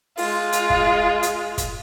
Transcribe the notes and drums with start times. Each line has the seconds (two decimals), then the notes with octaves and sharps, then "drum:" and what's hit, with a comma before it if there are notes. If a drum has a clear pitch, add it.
0.17 G#3 F4, drum: open hi-hat
0.53 drum: hi-hat
0.70 drum: kick
1.23 drum: hi-hat
1.58 drum: kick, hi-hat